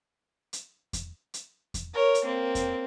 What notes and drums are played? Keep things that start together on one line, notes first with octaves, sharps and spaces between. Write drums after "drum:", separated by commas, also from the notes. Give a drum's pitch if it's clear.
drum: hi-hat
drum: kick E2, hi-hat
drum: hi-hat
drum: kick E2, hi-hat
A#4 C#5
drum: hi-hat
A#3 C4
drum: kick E2, hi-hat